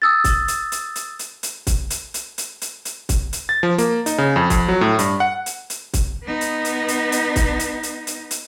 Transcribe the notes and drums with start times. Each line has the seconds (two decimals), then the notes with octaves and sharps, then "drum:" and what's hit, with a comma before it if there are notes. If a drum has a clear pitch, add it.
0.02 D#6 E6 A6
0.24 drum: kick, hi-hat
0.48 drum: hi-hat
0.72 drum: hi-hat
0.96 drum: hi-hat
1.19 drum: hi-hat
1.43 drum: hi-hat
1.67 drum: kick, hi-hat
1.90 drum: hi-hat
2.14 drum: hi-hat
2.38 drum: hi-hat
2.62 drum: hi-hat
2.85 drum: hi-hat
3.09 drum: kick, hi-hat
3.33 drum: hi-hat
3.49 A6
3.63 F3
3.78 A#3, drum: hi-hat
4.06 D#4, drum: hi-hat
4.18 C#3
4.36 F2
4.50 F2, drum: kick, hi-hat
4.68 F#3
4.81 A2
4.99 G2, drum: hi-hat
5.20 F#5
5.46 drum: hi-hat
5.70 drum: hi-hat
5.93 drum: kick, hi-hat
6.24 B3 D#4
6.41 drum: hi-hat
6.65 drum: hi-hat
6.88 drum: hi-hat
7.12 drum: hi-hat
7.36 drum: kick, hi-hat
7.59 drum: hi-hat
7.83 drum: hi-hat
8.07 drum: hi-hat
8.31 drum: hi-hat